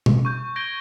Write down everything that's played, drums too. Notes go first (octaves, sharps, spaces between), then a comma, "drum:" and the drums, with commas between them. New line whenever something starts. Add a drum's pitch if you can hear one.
drum: tom
C#6 G6
G6 G#6 A#6 D7 G7